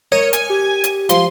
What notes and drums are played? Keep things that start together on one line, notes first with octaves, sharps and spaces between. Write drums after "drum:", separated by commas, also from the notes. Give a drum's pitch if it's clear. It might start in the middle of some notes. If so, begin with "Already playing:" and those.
A#4 C#5 D#5
G#5, drum: hi-hat
G4
drum: hi-hat
F3 C6, drum: hi-hat